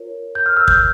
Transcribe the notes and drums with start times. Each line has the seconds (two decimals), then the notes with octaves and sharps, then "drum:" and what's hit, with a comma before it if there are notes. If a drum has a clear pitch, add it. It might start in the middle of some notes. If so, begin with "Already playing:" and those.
Already playing: F4 A#4 C#5
0.35 G6
0.46 F6
0.57 E6
0.68 G6, drum: kick